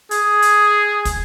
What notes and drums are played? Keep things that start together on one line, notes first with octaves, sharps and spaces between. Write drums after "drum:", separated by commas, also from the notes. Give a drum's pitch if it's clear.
G#4, drum: hi-hat
drum: hi-hat
drum: kick, hi-hat